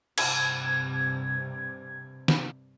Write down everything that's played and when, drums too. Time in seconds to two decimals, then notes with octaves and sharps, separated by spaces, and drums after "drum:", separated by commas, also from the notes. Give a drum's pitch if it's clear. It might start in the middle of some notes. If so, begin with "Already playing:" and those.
0.18 G2 C3 G#6, drum: cymbal
2.28 drum: snare